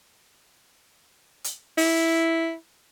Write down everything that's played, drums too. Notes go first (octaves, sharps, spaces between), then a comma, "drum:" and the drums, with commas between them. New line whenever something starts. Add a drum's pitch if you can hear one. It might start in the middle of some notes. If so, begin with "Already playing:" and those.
drum: hi-hat
E4, drum: open hi-hat